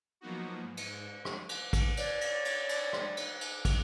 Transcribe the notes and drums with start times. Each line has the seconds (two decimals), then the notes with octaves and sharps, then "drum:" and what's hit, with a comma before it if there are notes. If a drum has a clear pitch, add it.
0.21 F3 F#3 A#3 B3 D#4 F#4
0.61 G#2
0.77 drum: cymbal
1.25 drum: rim click
1.49 drum: cymbal
1.73 drum: kick, cymbal
1.97 C#5 D5, drum: cymbal
2.21 drum: cymbal
2.45 drum: cymbal
2.69 drum: cymbal
2.93 drum: rim click
3.17 drum: cymbal
3.41 drum: cymbal
3.65 drum: kick, cymbal